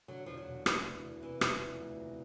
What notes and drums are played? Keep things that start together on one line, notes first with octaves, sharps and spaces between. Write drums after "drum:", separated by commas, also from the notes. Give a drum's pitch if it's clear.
D3 F#3
E1 F3
F#3
E1
D2 E3, drum: rim click
D3
E1
C3 E3
E1, drum: rim click
F3
D2
C3